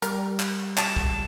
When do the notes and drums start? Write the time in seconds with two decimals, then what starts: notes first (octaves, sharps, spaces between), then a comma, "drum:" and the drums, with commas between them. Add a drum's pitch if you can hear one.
0.02 G3 A#4, drum: hi-hat
0.40 drum: clap
0.78 A5, drum: clap
0.96 drum: kick